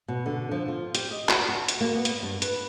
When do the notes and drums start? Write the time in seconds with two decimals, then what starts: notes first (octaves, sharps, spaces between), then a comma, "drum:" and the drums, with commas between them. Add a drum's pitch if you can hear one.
0.08 B2
0.26 D3
0.51 F3
0.68 F4
0.95 G4, drum: hi-hat
1.11 D#5
1.29 F#4, drum: clap
1.49 F#4
1.68 drum: hi-hat
1.81 A#3
1.95 B3
2.05 drum: hi-hat
2.23 G2
2.42 B4, drum: hi-hat